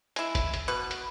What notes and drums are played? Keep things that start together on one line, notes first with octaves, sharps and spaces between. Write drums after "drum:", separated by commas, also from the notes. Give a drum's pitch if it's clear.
G#3 E4, drum: hi-hat
drum: kick G1, hi-hat
drum: hi-hat
B2 B4
drum: hi-hat